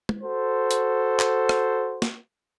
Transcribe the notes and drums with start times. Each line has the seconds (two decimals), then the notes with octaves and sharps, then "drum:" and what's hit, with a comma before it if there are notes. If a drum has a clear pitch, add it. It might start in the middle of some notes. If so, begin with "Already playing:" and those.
0.09 drum: tom
0.23 F#4 A4 C5
0.71 drum: hi-hat
1.20 drum: clap
1.49 drum: rim click
2.02 drum: snare